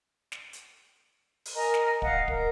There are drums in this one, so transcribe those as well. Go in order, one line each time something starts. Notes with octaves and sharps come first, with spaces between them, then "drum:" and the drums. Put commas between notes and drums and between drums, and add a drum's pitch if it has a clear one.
drum: snare
drum: hi-hat
drum: open hi-hat
A#4 D#5 G#5 A#5
drum: snare
D#5 F5 F#5, drum: kick
A#4, drum: kick